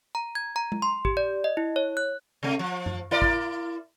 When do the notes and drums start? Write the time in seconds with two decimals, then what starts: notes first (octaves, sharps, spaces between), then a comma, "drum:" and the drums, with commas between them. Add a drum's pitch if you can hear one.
0.15 A#5
0.35 G#6
0.56 A#5
0.72 drum: tom G#3
0.82 C6
1.05 G4, drum: kick
1.17 D5
1.44 D#5
1.57 E4
1.76 C#5
1.97 F#6
2.43 C3 A3
2.59 F3
2.86 drum: tom F#2
3.11 E4 A#4 D5
3.22 drum: kick